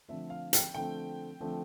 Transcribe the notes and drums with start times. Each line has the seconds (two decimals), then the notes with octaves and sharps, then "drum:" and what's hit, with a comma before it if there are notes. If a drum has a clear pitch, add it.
0.09 D3 F3 A3 C4 E5
0.30 F5
0.53 G5, drum: hi-hat
0.74 D3 F3 A3 C4 G5
1.40 D3 F3 A3 C4